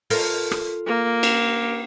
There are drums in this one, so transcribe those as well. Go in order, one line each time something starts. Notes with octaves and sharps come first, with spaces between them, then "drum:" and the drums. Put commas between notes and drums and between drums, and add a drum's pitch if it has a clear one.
F4 A4 A#4, drum: open hi-hat
drum: rim click
A#3
drum: cymbal